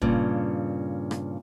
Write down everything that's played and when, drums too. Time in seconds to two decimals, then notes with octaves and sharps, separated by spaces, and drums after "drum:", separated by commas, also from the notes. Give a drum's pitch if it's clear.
0.01 G2 A#2 C#3, drum: kick
1.11 drum: rim click